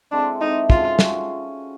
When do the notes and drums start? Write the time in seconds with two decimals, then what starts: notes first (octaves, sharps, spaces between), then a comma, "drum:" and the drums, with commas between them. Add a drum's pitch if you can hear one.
0.11 G#3 C4 D4 E4 A4
0.41 G#3 C4 D#4 E4 A4
0.70 F3 G#3 C#4 F4 F#4, drum: kick
0.99 F3 G#3 C#4 F#4, drum: snare